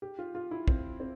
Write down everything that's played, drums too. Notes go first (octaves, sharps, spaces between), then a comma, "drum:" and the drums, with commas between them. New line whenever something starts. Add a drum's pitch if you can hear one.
G4
F4
F4
E4
C4, drum: kick
C4